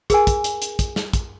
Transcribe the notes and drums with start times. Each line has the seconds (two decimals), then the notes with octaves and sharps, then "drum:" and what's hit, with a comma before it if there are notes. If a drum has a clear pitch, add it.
0.10 G#4 A#4 G#5, drum: kick, hi-hat
0.27 drum: kick, hi-hat
0.44 drum: hi-hat
0.62 drum: hi-hat
0.79 drum: kick, hi-hat
0.96 drum: snare
1.13 drum: kick, hi-hat